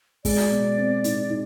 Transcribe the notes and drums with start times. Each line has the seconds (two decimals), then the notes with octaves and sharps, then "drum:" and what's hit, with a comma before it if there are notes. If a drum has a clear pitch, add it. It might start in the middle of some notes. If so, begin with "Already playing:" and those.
0.25 G#3 D5, drum: kick, open hi-hat
0.51 B2
0.78 C4
1.04 D#4, drum: hi-hat
1.30 D#4